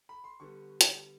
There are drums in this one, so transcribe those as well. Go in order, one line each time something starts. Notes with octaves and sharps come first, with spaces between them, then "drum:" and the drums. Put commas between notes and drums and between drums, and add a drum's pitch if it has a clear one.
B5
C6
D3 G3 B3 C#6
drum: hi-hat